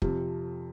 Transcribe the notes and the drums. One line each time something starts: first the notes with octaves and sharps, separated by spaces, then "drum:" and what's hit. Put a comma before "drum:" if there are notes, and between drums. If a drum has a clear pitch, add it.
F2 C3 F3, drum: kick